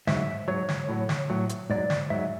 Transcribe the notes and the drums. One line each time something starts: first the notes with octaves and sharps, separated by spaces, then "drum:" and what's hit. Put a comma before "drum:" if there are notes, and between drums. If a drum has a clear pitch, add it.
G#2 F#3 E5, drum: snare
G#2 F#3 C#5
drum: snare
A2 F#3
drum: snare
A2 F#3
drum: hi-hat
G#2 F#3 D5
drum: snare
G#2 F#3 E5